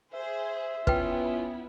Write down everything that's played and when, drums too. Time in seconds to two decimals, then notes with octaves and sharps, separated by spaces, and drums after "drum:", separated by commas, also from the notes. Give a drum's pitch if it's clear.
0.13 G#4 C5 E5
0.87 B3 C#4 E4 F4 B4 G5, drum: kick